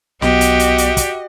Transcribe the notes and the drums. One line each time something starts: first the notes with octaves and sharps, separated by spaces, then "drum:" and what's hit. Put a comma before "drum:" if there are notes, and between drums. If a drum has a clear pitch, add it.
B1 B3 F#4 G4 D#5, drum: snare
drum: hi-hat
drum: hi-hat
drum: hi-hat
drum: kick, hi-hat